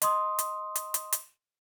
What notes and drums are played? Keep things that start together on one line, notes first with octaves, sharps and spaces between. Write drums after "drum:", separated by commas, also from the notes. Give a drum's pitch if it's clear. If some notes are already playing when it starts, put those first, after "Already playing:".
D#5 C6 D#6, drum: hi-hat
drum: hi-hat
drum: hi-hat
drum: hi-hat
drum: hi-hat